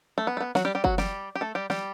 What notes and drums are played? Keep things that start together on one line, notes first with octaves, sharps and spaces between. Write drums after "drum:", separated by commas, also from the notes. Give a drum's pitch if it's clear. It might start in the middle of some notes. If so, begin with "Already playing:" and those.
A3
B3
A3
B3
F#3 F#4, drum: snare
G3 G4
G3 G4
F#3 F#4, drum: kick
G3 G4, drum: snare
G4
A3 A4
G3 G4
G3 G4, drum: snare